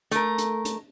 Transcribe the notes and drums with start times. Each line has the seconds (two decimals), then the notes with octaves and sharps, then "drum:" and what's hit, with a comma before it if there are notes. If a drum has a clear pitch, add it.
0.11 A3 A#4, drum: hi-hat
0.38 drum: hi-hat
0.65 drum: hi-hat